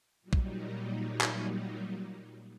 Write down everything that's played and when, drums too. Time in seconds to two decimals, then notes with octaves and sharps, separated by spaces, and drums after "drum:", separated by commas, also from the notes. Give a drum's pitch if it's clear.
0.21 A#2 F#3 G3 D#4
0.33 drum: kick
1.21 drum: clap